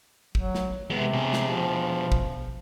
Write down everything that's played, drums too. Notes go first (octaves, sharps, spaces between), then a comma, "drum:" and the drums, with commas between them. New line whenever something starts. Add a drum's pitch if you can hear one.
F#3, drum: kick
drum: snare
C3 G#3 B3
B2 G#4
drum: snare
F3
drum: kick